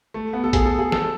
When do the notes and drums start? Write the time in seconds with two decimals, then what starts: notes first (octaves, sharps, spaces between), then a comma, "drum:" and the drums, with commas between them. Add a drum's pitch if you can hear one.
0.14 A3
0.33 B3
0.44 A4
0.53 G#4, drum: kick, hi-hat
0.65 A4
0.79 G#4
0.92 A4, drum: snare